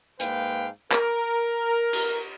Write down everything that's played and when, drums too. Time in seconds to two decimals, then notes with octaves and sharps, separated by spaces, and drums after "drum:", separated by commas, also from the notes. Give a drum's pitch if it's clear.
0.20 G#2 A#3 B4 F5 G5, drum: hi-hat
0.92 A#4, drum: clap
1.93 drum: cymbal